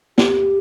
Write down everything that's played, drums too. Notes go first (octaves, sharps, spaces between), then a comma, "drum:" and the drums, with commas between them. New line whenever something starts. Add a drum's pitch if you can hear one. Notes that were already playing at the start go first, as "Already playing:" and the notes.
G4, drum: snare